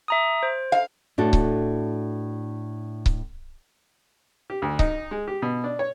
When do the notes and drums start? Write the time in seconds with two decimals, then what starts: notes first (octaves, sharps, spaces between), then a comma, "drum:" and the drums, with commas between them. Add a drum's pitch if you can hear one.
0.08 E5 A#5 D#6
0.43 C5
0.72 F5
1.18 A2 D4 F#4 A4
1.33 drum: kick C#1
3.06 drum: kick C#1
4.50 G4
4.62 D2
4.79 D#4, drum: kick C#1
5.11 G#3
5.28 G4
5.42 B2
5.64 D4
5.79 C#5